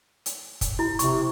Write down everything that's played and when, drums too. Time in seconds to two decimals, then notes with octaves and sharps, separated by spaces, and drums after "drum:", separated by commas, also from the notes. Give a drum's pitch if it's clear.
0.26 drum: hi-hat
0.61 drum: kick, hi-hat
0.79 E4
0.99 C3 C#6, drum: hi-hat